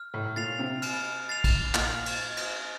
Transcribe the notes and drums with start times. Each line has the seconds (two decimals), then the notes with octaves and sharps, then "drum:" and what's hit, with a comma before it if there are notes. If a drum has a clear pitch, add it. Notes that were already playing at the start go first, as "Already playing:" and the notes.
Already playing: F6
0.14 A2
0.36 A#2 A6 C7 F7
0.59 C3
0.82 F6, drum: cymbal
1.29 A6 C7 F7
1.44 drum: kick, cymbal
1.74 A#2 F6, drum: clap
2.06 drum: cymbal
2.37 drum: cymbal